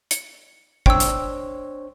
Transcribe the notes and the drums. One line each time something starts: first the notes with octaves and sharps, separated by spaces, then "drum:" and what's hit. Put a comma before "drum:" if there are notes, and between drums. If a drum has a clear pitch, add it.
C#7, drum: hi-hat
D4 C5 C#5 G5 E6, drum: kick
drum: hi-hat